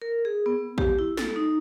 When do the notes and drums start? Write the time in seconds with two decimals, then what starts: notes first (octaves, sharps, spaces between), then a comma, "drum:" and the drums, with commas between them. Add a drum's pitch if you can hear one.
0.02 A#4
0.25 G#4
0.46 B3
0.78 G4, drum: kick
0.99 E4
1.17 A4, drum: snare
1.36 D#4